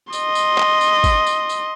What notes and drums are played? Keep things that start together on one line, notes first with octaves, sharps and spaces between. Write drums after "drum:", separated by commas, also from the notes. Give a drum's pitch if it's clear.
D#5 C6, drum: tambourine
drum: tambourine
drum: clap
drum: tambourine
drum: kick G#1, tambourine
drum: tambourine
drum: tambourine